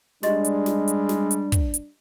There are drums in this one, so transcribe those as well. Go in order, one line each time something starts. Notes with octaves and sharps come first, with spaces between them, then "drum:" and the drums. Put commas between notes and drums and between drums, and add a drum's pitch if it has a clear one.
G3 G#3 D4 G4 D#5 C6, drum: snare
drum: hi-hat
drum: snare
drum: hi-hat
drum: snare
drum: hi-hat
drum: kick, hi-hat
drum: hi-hat